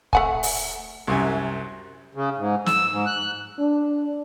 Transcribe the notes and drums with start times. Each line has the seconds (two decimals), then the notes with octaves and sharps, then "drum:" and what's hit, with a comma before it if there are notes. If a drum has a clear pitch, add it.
0.13 A3 F#5 G#5, drum: kick
0.43 drum: open hi-hat
1.07 C2 F#2 G#5
2.15 C#3
2.38 G#2
2.66 E6, drum: snare
2.91 G#2
3.06 F#6
3.59 D4